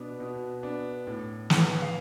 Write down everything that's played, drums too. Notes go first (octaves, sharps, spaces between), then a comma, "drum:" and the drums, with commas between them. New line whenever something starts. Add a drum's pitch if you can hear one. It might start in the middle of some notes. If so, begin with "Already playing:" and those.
Already playing: B2 B3 D4
B2
B3 D4
A2
E3 B3, drum: snare
F5